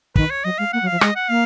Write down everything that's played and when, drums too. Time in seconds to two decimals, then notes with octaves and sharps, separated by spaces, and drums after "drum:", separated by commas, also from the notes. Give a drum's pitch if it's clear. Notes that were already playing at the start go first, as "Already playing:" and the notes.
0.16 D#3 B4, drum: kick
0.30 C#5
0.44 F#3 D#5
0.58 G#3 F5
0.73 A#3 F#5
0.83 F#3
0.87 F3 F5
1.01 G#3 D#5, drum: rim click
1.16 F#5
1.29 A#3 F5